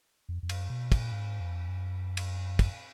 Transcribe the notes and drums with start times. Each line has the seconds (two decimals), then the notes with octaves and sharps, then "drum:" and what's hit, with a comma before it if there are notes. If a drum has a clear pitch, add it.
0.29 F2
0.43 F2
0.49 F#2, drum: cymbal
0.70 B2
0.92 A#2, drum: kick, cymbal
1.12 G#2
1.40 F2
1.68 F#2
2.17 drum: cymbal
2.59 drum: kick, cymbal